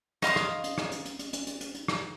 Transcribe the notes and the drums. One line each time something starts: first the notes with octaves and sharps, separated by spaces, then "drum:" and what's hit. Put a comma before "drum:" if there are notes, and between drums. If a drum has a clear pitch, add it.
D#5 F5 C6 D#6, drum: rim click
drum: rim click
drum: hi-hat
drum: rim click
drum: hi-hat
drum: hi-hat
drum: hi-hat
drum: hi-hat
drum: hi-hat
drum: hi-hat
drum: hi-hat
drum: rim click